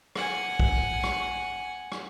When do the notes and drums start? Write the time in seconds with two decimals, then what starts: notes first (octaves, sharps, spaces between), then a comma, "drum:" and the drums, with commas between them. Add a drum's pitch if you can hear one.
0.15 F#5 G#5, drum: rim click
0.60 drum: kick
1.04 drum: rim click
1.92 drum: rim click